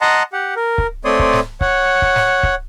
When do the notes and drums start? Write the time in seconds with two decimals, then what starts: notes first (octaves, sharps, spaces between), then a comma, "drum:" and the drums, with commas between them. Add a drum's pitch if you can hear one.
0.01 D#5 F#5 A5 A#5 C6
0.33 G4 F#5
0.56 A#4
0.78 drum: kick C#1
1.05 A3 C4 C#5 D5 C6 D#6
1.19 drum: kick C#1
1.33 drum: snare
1.61 C#5 F#5, drum: kick C#1
2.02 drum: kick C#1
2.16 drum: snare
2.43 drum: kick C#1